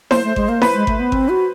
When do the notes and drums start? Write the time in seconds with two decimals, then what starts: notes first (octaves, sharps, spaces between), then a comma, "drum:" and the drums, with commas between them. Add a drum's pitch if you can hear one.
0.11 A#3 C5, drum: snare E4
0.24 A3
0.36 G#3, drum: kick G#1
0.49 A#3
0.62 B4, drum: snare E4
0.74 G#3
0.87 A3, drum: kick G#1
0.99 B3
1.12 C4, drum: kick G#1
1.29 F#4